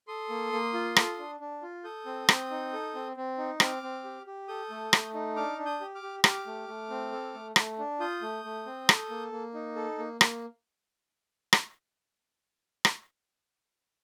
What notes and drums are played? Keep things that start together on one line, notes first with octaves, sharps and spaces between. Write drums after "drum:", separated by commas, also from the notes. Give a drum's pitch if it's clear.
A4 C6 D#6
A#3
A#3
F4
A4, drum: rim click
D4
D4
F4
A4 D#6 G6
C4
C4, drum: rim click
D#4
A4
C4
C4
D#4
C4 D6 F6, drum: rim click
C4
G4
G4
A4 D#6 G6
A3
A3, drum: rim click
D#4
D4 D6 F6
D4
D#6 G6
G4
D6 F6
G4
G4 D6 F6, drum: rim click
A3
A3
C4
A4
A3
A3, drum: rim click
D4
F4 D#6 G6
A3
A3
C4
A4, drum: rim click
A#3
A#3
D#4
A4
A#3
A#3, drum: rim click
drum: rim click
drum: rim click